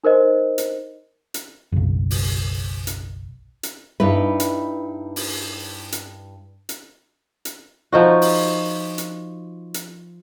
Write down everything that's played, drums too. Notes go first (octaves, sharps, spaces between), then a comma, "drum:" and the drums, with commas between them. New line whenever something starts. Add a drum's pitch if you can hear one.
D#4 A#4 C5 D#5
drum: hi-hat
drum: hi-hat
F#1 B1
drum: open hi-hat
drum: hi-hat
drum: hi-hat
G2 D#4 E4 B4
drum: hi-hat
drum: open hi-hat
drum: hi-hat
drum: hi-hat
drum: hi-hat
F3 D#4 F#4
drum: open hi-hat
drum: hi-hat
drum: hi-hat